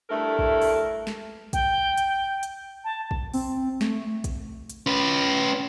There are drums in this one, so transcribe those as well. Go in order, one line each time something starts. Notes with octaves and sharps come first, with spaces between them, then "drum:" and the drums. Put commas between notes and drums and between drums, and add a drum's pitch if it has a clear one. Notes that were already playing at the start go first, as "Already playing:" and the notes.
G2 A3 E4 A4 A#4
drum: kick
drum: open hi-hat
drum: snare
G5, drum: kick, hi-hat
drum: hi-hat
drum: hi-hat
A5
drum: kick
C4, drum: open hi-hat
A3, drum: snare
drum: kick, hi-hat
drum: hi-hat
C#4 B4